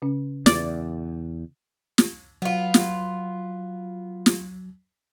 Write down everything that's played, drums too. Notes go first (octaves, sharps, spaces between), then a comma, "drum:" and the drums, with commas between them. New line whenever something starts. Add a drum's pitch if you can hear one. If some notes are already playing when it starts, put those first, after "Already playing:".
C#3 C#4
E2 D5, drum: snare
drum: snare
F#3 B3 F4
drum: snare
drum: snare